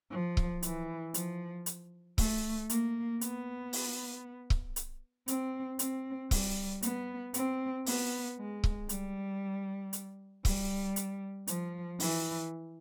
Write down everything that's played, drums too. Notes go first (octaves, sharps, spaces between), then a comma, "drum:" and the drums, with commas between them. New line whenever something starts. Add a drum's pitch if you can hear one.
F3
drum: kick C#1
E3, drum: hi-hat
F3, drum: hi-hat
drum: hi-hat
A3, drum: kick C#1, open hi-hat
A#3, drum: hi-hat
B3, drum: hi-hat
drum: open hi-hat
drum: kick C#1
drum: hi-hat
C4, drum: hi-hat
C4, drum: hi-hat
G3, drum: kick C#1, open hi-hat
B3, drum: hi-hat
C4, drum: hi-hat
B3, drum: open hi-hat
G#3
drum: kick C#1
G3, drum: hi-hat
drum: hi-hat
G3, drum: kick C#1, open hi-hat
drum: hi-hat
F3, drum: hi-hat
E3, drum: open hi-hat